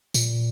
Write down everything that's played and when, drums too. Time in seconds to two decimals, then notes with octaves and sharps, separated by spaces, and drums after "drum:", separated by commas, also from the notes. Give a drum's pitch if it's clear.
0.14 A#2, drum: tambourine